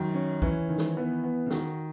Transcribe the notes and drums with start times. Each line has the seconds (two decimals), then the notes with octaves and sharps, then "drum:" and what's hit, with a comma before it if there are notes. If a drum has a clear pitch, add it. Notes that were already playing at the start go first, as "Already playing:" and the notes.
Already playing: F#2 D#3
0.14 C#4
0.42 E3 C#4, drum: kick
0.69 D#3
0.78 drum: snare
0.97 E3 B3
1.24 B3
1.46 C#3
1.50 D#3 F#4, drum: snare